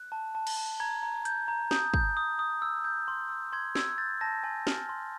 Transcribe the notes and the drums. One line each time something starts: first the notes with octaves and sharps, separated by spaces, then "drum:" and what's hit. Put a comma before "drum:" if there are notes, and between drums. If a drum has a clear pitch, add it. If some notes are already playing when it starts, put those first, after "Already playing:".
Already playing: F#6
A5
A5
drum: cymbal
A5
A#5 G#6
A#5
G6, drum: hi-hat
A#5
D#6 G6, drum: snare
G6, drum: kick
D#6
D#6
E6
G6
C6
E6
C6 G#6
E6 G#6, drum: snare
G6 A6
A5 A#6
G#5
F6, drum: snare
C6